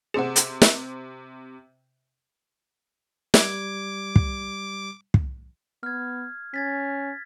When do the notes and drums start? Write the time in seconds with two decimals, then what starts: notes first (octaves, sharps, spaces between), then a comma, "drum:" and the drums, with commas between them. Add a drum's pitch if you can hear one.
0.14 C3 G#4 C5 F#5 E7
0.36 drum: hi-hat
0.62 drum: snare
3.34 G3 D6 G#6, drum: snare
4.16 drum: kick
5.14 drum: kick
5.83 B3 F6 G#6
6.54 C#4 G#6 A6 B6